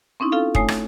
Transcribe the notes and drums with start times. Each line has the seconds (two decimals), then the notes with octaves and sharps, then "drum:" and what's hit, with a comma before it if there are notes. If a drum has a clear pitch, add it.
0.20 C4 C#4 D#4 E4
0.32 F4 A4 F5
0.55 A3 C#5 G#5 D#6, drum: kick
0.68 drum: rim click